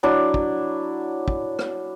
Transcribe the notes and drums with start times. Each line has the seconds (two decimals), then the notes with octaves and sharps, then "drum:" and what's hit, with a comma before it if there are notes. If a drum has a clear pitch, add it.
0.03 F#3 D4 E4
0.34 drum: kick
1.28 drum: kick
1.59 drum: rim click